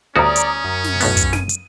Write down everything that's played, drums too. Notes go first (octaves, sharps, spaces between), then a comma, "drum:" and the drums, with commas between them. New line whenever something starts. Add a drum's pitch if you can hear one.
D2 G3 C#4 F#4 D5 A#5 D#6
drum: hi-hat
F#2
drum: snare
B1 A2 B3, drum: open hi-hat
drum: kick, hi-hat
D#7, drum: snare
drum: hi-hat